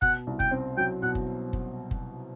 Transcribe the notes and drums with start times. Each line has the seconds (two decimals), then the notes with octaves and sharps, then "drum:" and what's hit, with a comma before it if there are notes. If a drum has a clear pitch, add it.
0.02 B2 F#5, drum: kick F#1
0.27 C2
0.40 G5, drum: kick F#1
0.51 C4
0.77 F#3 G5
1.03 B2 F#5
1.15 drum: kick F#1
1.53 drum: kick F#1
1.91 drum: kick F#1